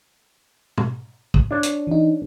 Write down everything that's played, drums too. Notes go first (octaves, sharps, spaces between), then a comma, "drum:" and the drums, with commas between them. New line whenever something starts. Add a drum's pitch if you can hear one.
drum: tom
drum: kick
D4 C#5
drum: hi-hat
E3 D#4